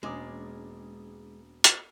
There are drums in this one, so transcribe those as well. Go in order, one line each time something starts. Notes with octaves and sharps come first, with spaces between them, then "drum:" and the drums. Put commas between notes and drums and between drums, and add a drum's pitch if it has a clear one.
E1 G#3 A#3 C#4 D4 D6 D#6
drum: hi-hat